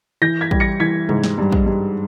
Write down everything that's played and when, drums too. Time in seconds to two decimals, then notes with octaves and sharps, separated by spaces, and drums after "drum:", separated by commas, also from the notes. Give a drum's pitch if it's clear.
0.22 E3 G6 A#6
0.41 G#6 B6
0.51 G3, drum: kick
0.60 A#6 C#7
0.80 E3 G#6 B6
1.09 G#2, drum: tom C3
1.23 drum: snare
1.38 G2
1.52 drum: kick
1.66 G2